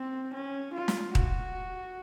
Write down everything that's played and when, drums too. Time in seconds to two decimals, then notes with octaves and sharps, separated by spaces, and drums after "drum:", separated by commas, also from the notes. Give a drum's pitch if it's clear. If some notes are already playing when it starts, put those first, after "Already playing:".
Already playing: C4
0.34 C#4
0.74 F4
0.88 drum: snare
1.15 F#4, drum: kick D#1